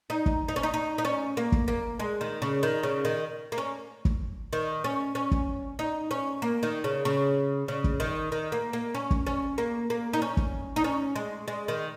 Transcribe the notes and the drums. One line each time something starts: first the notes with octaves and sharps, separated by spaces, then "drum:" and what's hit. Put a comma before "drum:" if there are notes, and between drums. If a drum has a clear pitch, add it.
D#4
drum: kick
D#4
C#4
D#4
D#4
D#4
C#4
A#3
drum: kick
A#3
G#3
D#3
C#3
D#3
C#3
D#3
A#3
C#4
drum: kick
D#3
C#4
C#4
drum: kick
D#4
C#4
A#3
D#3
C#3
C#3
C#3
drum: kick
D#3
D#3
A#3
A#3
C#4
drum: kick
C#4
A#3
A#3
D#4
C#4
drum: kick
D#4
C#4
G#3
G#3
D#3